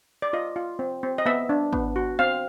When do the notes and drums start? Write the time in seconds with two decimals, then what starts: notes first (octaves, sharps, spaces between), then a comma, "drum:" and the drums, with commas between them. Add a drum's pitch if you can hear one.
0.22 D5
0.33 F4 D#5
0.56 F4
0.79 C4
1.03 C4
1.18 D#5
1.26 B3 E5
1.49 D4
1.73 B3, drum: kick
1.96 F#4
2.19 C4 F5